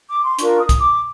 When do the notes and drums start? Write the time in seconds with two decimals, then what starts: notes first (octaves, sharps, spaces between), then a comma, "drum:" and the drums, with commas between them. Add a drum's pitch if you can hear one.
0.09 D6
0.24 C6
0.39 D4 F4 A#4 C#6, drum: hi-hat
0.59 D#6
0.69 drum: kick, hi-hat
0.79 D6